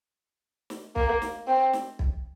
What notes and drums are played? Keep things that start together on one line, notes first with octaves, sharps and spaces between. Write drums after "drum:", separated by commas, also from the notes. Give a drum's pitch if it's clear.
drum: snare
A#3, drum: kick
drum: snare
C4
drum: snare
drum: kick